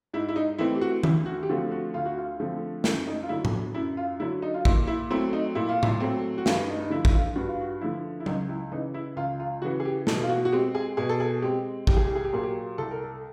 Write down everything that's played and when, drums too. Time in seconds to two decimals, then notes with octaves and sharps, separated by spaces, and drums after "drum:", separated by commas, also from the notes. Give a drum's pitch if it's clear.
0.13 G#2 E4
0.29 E4
0.36 D#4
0.58 E3 A3 C4 E4
0.75 G4
0.81 F#4
1.03 D2 E4, drum: tom D#3
1.26 F#4
1.43 G4
1.49 D3 F3 A3 C4 F#4
1.72 F#4
1.94 D2 F4
2.06 F#4
2.18 F4
2.40 D3 F3 A3 C4
2.84 F#2 E4, drum: snare
3.07 D#4
3.23 F4
3.29 D3 F#3 E4
3.45 drum: tom A2
3.74 F#2 E4
3.97 F4
4.20 D3 F#3 E4
4.42 D#4
4.54 F4
4.65 A#2 E4, drum: kick
4.87 E4
5.11 F#3 A3 C4 E4
5.33 D#4
5.55 A#2 E4
5.69 F4
5.83 E4, drum: tom A2
6.00 F#3 A3 C4
6.38 F#4
6.46 G2 F4, drum: snare
6.68 D#4
6.80 D#4
6.90 D3 F3 E4
7.05 E4, drum: kick
7.13 F4
7.36 G2 F#4
7.48 F4
7.60 F#4
7.81 D3 F3 E4
8.20 E4
8.26 C#2 D#4, drum: tom F#3
8.49 E4
8.72 C#3 E3 D#4
8.94 E4
9.16 C#2 F4
9.40 F4
9.62 C#3 E3 F#4
9.80 G#4
9.85 G4
10.07 B2 A4, drum: snare
10.23 F4
10.29 F#4
10.45 F#4
10.53 G#3 C4 G4
10.75 G#4
10.97 B2 G#4
11.09 A4
11.20 G#4
11.42 G#3 C4 G4
11.87 C2 G4, drum: kick
11.97 G#4
12.06 G4
12.15 G#4
12.25 G4
12.33 A#2 F#3 A#3 G#4
12.43 G4
12.78 C2 A4
12.91 A#4
13.04 A4